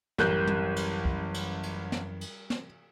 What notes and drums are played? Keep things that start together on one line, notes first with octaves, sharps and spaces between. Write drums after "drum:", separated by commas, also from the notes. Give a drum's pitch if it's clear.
A1 F#2 E3 G3 A#4 F#6 G6, drum: snare
drum: tom
drum: cymbal
drum: kick
drum: cymbal
drum: cymbal
drum: snare
drum: cymbal
drum: snare